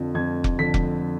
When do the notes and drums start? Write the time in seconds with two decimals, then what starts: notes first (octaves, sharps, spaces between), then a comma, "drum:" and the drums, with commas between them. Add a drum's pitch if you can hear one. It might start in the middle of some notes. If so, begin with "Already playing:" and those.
Already playing: F2 D3 F3
0.14 F2 G#6
0.44 drum: kick F1
0.59 D3 F3 B6
0.74 drum: kick F1